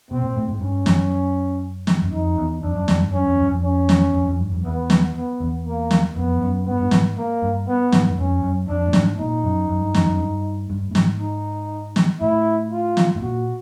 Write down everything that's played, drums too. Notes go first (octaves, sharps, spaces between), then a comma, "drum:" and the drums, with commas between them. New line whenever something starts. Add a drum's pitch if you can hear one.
B2 C4
A#2
A2
G#2
G2 C#4
F#2, drum: snare
drum: snare
F#2
F2 D#4
E2
F2 D4
F#2
F2, drum: snare
G2
F#2 C#4
F2
F2
F#2
F2
C#4
drum: snare
F2
F2
G2
F2
E2 B3
drum: snare
B3
E2
A#3
drum: snare
F2 B3
F#2
G2 B3
G2
G#2, drum: snare
A#3
G2
B3
G#2, drum: snare
F#2
F2 C#4
F#2
F2 D4
A2
G#2, drum: snare
A#2 D#4
F#2
F#2
G2
F#2, drum: snare
F#2
G2
G2
A2
G#2, drum: snare
D#4
drum: snare
A2 E4
F4
drum: snare
A2
A#2 F#4